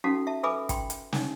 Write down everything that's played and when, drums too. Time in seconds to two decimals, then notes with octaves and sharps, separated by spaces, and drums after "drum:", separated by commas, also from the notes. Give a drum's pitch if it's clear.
0.04 C#4 D#4 F#4 A4 F5 A5
0.27 E5 A5
0.43 A4 B4 E5 G#5 B5 D6
0.69 G5 B5 C6, drum: kick, hi-hat
0.90 drum: hi-hat
1.13 D4 D#4, drum: snare